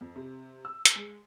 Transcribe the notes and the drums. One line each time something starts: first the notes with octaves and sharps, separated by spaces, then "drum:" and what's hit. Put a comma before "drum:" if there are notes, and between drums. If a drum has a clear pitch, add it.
F2
C3
E6
drum: hi-hat
G#3